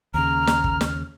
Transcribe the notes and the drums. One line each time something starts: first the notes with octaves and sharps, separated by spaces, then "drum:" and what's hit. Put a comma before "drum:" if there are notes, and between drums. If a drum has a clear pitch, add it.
D#2 C#3 A#5 F6
drum: snare
drum: kick
drum: snare